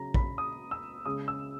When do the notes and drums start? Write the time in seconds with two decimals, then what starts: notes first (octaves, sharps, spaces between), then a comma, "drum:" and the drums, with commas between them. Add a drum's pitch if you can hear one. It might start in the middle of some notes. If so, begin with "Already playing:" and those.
Already playing: C#3 F#3 A#5
0.14 B5, drum: kick
0.38 D#6
0.71 E6
1.05 C#3 G#3 D#6
1.28 E6